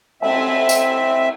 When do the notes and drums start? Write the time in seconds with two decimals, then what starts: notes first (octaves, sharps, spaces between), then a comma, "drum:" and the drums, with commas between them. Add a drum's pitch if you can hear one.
0.22 C4 E5, drum: cymbal
0.69 drum: tambourine